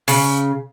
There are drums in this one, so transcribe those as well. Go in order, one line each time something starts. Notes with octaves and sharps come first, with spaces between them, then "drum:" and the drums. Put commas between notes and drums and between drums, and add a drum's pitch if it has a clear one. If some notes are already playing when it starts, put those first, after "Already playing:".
C#3, drum: open hi-hat